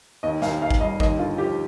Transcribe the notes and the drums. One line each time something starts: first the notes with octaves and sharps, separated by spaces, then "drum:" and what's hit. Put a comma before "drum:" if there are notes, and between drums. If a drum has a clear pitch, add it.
D#2 D#5
D#2 F5, drum: snare
D#2 F5
drum: kick
G3 D#5
D#2 D#5, drum: kick
D3 F4
F3 G4